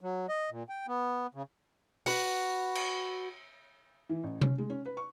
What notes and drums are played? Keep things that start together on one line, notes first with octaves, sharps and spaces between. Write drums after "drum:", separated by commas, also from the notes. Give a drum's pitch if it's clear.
F#3
D#5
A#2
G5
B3
C#3
F#4 B4, drum: open hi-hat
drum: cymbal
E3
A1
C#4, drum: tom C3
G#3
C#4
B4
C#6